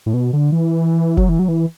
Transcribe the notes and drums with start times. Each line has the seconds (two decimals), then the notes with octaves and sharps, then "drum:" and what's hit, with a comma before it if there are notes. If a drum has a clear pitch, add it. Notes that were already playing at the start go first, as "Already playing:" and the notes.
0.06 A2
0.14 B2
0.33 D3
0.52 E3
1.17 F#3, drum: kick
1.29 E3
1.39 F#3
1.48 E3